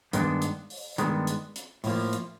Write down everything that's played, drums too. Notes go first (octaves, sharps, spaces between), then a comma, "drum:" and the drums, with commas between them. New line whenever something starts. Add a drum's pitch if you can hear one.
G2 D#3 G#3 B3 D4, drum: hi-hat
drum: hi-hat
drum: open hi-hat
G2 D#3 G#3 B3 D4, drum: hi-hat
drum: hi-hat
drum: hi-hat
A2 F3 A#3, drum: open hi-hat
drum: hi-hat